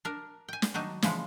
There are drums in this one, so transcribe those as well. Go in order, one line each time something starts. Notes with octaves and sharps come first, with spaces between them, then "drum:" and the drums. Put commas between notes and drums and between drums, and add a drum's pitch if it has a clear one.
D4 A#4
G5 G#5
drum: snare
D#3 F#3 D4 D#4
C#3 E3 F3 G#3, drum: snare